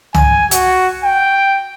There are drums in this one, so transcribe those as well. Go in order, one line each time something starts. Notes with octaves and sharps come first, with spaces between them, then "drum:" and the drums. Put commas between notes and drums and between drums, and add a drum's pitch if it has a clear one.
G#5, drum: tom C2
F#4, drum: hi-hat
G5